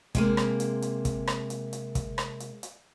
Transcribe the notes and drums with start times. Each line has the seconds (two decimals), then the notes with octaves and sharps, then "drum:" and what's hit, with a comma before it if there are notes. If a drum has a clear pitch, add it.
0.15 C3 G#3 A#3, drum: kick, hi-hat
0.37 drum: rim click
0.60 drum: hi-hat
0.82 drum: hi-hat
1.05 drum: kick, hi-hat
1.27 drum: rim click
1.50 drum: hi-hat
1.73 drum: hi-hat
1.95 drum: kick, hi-hat
2.18 drum: rim click
2.40 drum: hi-hat
2.63 drum: hi-hat